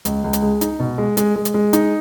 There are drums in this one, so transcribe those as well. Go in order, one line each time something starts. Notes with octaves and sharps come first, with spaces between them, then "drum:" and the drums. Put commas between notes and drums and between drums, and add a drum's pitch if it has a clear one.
C#2, drum: hi-hat
C#2
drum: hi-hat
G#3
D#4, drum: hi-hat
B2
G#3
G#3, drum: hi-hat
G#3
drum: hi-hat
G#3
D#4, drum: hi-hat